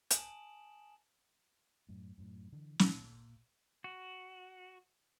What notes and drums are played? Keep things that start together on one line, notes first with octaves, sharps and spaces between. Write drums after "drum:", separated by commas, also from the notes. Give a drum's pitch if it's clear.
G#5 A5 D#6 D7 E7 F#7, drum: hi-hat
F#2 A2
F#2 A2
D3 E3
A#2, drum: snare
F#4